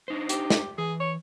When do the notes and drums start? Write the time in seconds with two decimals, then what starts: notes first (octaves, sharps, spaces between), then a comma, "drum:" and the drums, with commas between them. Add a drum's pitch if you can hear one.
0.08 D4 D#4 C5
0.29 G4, drum: hi-hat
0.50 drum: snare
0.78 E3 G#4
1.00 C#5